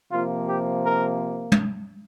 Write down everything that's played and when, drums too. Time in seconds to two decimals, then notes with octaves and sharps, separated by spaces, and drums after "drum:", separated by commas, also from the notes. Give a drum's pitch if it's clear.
0.11 C3 F3 A#3 F4
0.49 G4
0.86 A#4
1.52 drum: tom